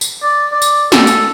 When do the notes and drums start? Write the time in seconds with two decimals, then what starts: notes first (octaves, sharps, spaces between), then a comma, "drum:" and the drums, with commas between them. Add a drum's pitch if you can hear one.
0.01 drum: tambourine
0.23 D5
0.52 D5
0.62 drum: tambourine
0.92 A4, drum: snare
1.07 drum: tambourine